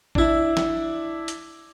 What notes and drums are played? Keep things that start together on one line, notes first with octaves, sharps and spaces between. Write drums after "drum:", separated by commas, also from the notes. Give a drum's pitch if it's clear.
D4 E4, drum: kick A1
drum: snare
drum: hi-hat